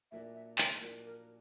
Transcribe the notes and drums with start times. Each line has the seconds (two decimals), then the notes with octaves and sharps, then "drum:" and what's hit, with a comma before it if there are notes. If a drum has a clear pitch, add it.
0.11 A#2 F#3 A#3 D4 E5
0.35 E5
0.58 A#4, drum: clap
0.81 A#2 F#3 A#3 D4 A#4
1.05 A#4